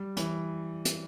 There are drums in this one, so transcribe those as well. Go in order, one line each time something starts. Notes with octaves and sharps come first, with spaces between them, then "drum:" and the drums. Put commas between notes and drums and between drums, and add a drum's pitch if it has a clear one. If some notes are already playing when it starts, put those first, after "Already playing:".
Already playing: G3
E3, drum: hi-hat
drum: hi-hat